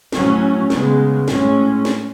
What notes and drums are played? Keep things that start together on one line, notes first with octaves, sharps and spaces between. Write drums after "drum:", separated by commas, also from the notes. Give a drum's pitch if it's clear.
A2 F#3 C#4, drum: snare
C#3 G#3 B3, drum: snare
A2 G#3 C#4, drum: snare
drum: snare